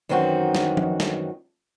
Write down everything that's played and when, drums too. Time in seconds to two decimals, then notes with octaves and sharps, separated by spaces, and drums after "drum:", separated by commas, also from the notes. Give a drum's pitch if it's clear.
0.09 F#2 D#3 E3 C4 D#4 F#4
0.55 drum: snare
0.77 drum: tom F3
1.00 drum: snare